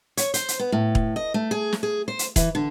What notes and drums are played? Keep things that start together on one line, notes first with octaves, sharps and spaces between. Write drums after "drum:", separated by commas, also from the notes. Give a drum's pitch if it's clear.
C#5, drum: hi-hat
C5, drum: hi-hat
drum: hi-hat
B3
A2
drum: kick E1
D#5
A3
G#4
drum: snare
G#4
C5
drum: hi-hat
E3, drum: kick E1, hi-hat
D3